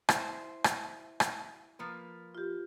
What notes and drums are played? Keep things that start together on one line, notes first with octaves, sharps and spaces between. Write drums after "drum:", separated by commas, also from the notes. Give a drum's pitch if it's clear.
E4 C5, drum: rim click
drum: rim click
drum: rim click
F3 A#3 B4
F4 G4